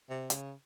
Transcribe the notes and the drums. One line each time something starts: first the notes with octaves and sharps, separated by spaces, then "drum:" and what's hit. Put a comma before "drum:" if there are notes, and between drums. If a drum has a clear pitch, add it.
C3
C#3, drum: hi-hat